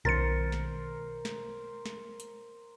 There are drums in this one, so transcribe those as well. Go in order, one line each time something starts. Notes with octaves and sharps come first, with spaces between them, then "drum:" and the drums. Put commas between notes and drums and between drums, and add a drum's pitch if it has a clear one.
B2 D#3 A#4 C5 A6 C#7, drum: kick B1
drum: snare
drum: snare
drum: snare
drum: hi-hat